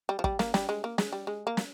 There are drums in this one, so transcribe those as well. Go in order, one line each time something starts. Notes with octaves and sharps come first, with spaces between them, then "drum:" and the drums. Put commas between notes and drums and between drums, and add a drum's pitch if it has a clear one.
G3
F3
G3, drum: kick
A#3, drum: snare
G3, drum: snare
G#3
A#3
G#3, drum: snare
G3
G#3
A#3
drum: snare